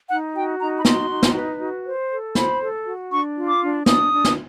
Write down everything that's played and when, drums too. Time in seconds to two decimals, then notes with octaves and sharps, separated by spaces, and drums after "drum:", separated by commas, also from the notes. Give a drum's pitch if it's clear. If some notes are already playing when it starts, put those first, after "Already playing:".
0.09 D#4 F#5
0.34 F#4 G5
0.59 D#4 A#5
0.77 B5
0.85 F#4 C6, drum: snare
1.10 D#4
1.23 drum: snare
1.35 B4
1.60 F#4
1.85 C5
2.11 A4
2.35 C5 B5, drum: snare
2.61 A4
2.86 F#4
3.11 D4 C#6
3.36 F4
3.49 D6
3.62 D4
3.86 D4 D#6, drum: snare
4.12 D4
4.25 drum: snare